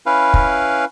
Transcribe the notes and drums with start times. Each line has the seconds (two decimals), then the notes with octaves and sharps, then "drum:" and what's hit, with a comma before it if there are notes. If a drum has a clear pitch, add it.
0.06 C#4 E4 B4 F5
0.34 drum: kick